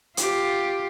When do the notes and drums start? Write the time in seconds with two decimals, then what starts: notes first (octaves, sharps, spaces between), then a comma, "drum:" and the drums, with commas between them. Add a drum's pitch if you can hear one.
0.17 F4 G4, drum: hi-hat